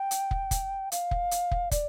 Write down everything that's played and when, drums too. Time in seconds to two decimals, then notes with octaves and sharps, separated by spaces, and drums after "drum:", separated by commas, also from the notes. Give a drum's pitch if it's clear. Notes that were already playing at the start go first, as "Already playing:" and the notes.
Already playing: G5
0.11 drum: hi-hat
0.31 drum: kick
0.51 drum: kick, hi-hat
0.92 F5, drum: hi-hat
1.11 drum: kick
1.31 drum: hi-hat
1.51 drum: kick
1.71 D5, drum: kick, hi-hat